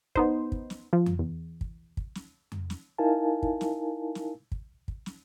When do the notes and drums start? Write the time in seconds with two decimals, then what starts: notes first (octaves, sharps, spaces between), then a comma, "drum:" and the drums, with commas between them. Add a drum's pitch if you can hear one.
0.15 B3 D#4 C5, drum: kick
0.52 drum: kick
0.70 drum: snare
0.93 F3
1.06 drum: tom F2
1.19 E2
1.61 drum: kick
1.97 drum: kick
2.15 drum: snare
2.52 drum: tom F2
2.70 drum: snare
2.98 D#4 E4 A#4 F5 G#5 A5
3.43 drum: kick
3.61 drum: snare
4.15 drum: snare
4.52 drum: kick
4.88 drum: kick
5.06 drum: snare